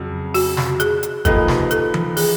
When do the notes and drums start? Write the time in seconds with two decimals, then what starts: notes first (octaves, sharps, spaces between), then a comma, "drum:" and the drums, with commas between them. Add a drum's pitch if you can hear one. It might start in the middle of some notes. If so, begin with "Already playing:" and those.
Already playing: F2 C#3 F#3
0.34 F#4, drum: open hi-hat
0.57 drum: snare
0.80 G#4, drum: hi-hat
1.03 drum: hi-hat
1.25 F3 A#3 D#4 G4 A4 B4, drum: kick, hi-hat
1.48 drum: snare
1.71 A4, drum: hi-hat
1.94 drum: tom E3
2.17 G#4, drum: open hi-hat